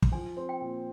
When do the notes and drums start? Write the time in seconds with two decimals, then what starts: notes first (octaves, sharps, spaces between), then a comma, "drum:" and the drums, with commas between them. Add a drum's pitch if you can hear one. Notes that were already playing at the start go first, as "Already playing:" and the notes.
0.02 drum: kick
0.12 F3 G#5
0.37 C4
0.49 G5
0.61 A#2